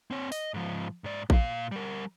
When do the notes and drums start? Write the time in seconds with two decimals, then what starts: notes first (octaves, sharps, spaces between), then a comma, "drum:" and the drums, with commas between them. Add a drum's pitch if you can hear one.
0.11 C4 C#5
0.32 D#5, drum: open hi-hat
0.54 G#2 F3
1.04 G#2 D5
1.30 A#2 F5, drum: kick A1
1.71 G3 A#4